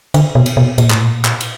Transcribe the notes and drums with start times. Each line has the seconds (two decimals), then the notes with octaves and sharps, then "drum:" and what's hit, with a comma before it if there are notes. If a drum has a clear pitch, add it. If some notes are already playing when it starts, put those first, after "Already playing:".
0.14 D3, drum: cymbal
0.35 B2
0.46 drum: cymbal
0.57 B2
0.78 A#2, drum: cymbal
0.90 A2, drum: clap
1.04 A#2
1.25 drum: clap
1.41 drum: cymbal